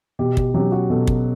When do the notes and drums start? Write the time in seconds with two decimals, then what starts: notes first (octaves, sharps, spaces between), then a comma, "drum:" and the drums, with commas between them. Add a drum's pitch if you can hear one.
0.19 B2 G4
0.37 G4, drum: kick
0.54 F#3 C#4 G4
0.72 F#4
0.90 B2 A4
1.07 drum: kick